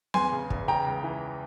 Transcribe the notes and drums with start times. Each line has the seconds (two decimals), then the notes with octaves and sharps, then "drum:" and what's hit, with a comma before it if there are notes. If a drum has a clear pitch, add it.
0.14 E2 G#5 C6, drum: snare
0.32 C#3
0.50 E2, drum: kick
0.68 C#3 G5 A#5
0.86 C#2
1.04 E3